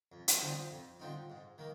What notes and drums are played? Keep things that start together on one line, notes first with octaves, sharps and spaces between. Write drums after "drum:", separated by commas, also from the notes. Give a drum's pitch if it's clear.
F2
drum: hi-hat
D3 F3 C4 D#4
F2
D3 F3 C4 D#4
G#2
D#3 A#3